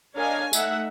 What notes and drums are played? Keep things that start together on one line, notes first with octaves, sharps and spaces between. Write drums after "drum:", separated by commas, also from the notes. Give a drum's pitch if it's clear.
D4 A#4 C#5 D#5 F5 G#5
A3 D#4 E5 F#5, drum: tambourine